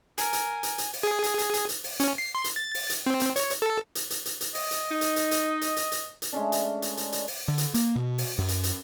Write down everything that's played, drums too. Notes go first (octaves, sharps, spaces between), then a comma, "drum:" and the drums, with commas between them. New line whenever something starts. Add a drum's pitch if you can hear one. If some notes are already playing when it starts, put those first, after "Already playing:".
A#4 G#5, drum: hi-hat
drum: hi-hat
drum: hi-hat
drum: hi-hat
drum: open hi-hat
G#4
drum: hi-hat
drum: hi-hat
drum: hi-hat
drum: hi-hat
drum: open hi-hat
C#4, drum: hi-hat
C7
C6
drum: hi-hat
A6
drum: open hi-hat
drum: hi-hat
C4
drum: hi-hat
C#5, drum: hi-hat
drum: hi-hat
A4
drum: hi-hat
drum: hi-hat
drum: hi-hat
drum: hi-hat
D#5, drum: open hi-hat
drum: hi-hat
D#4
drum: hi-hat
drum: hi-hat
drum: hi-hat
drum: hi-hat
drum: hi-hat
drum: hi-hat
drum: hi-hat
G#3 A3 C#4 D4
drum: hi-hat
drum: hi-hat
drum: hi-hat
drum: hi-hat
drum: open hi-hat
D3
drum: hi-hat
A#3, drum: hi-hat
B2
drum: open hi-hat
F#2
drum: hi-hat
drum: hi-hat